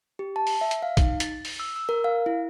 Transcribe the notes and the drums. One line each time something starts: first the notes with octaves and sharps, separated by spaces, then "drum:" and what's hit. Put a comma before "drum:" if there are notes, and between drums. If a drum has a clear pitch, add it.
G4
A5
drum: open hi-hat
E5
drum: hi-hat
F5
D#4, drum: kick, hi-hat
A6, drum: hi-hat
drum: open hi-hat
E6
E6
A#4
F5
E4